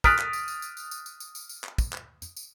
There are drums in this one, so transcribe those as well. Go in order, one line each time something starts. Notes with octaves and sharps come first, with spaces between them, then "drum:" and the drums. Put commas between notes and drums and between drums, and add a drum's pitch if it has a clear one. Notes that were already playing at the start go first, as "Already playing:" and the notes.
D#6 F6 F#6 A6 B6 D7, drum: kick, tambourine
drum: clap
drum: tambourine
drum: tambourine
drum: tambourine
drum: tambourine
drum: tambourine
drum: tambourine
drum: tambourine
drum: tambourine
drum: tambourine
drum: clap
drum: kick, tambourine
drum: clap
drum: tambourine
drum: tambourine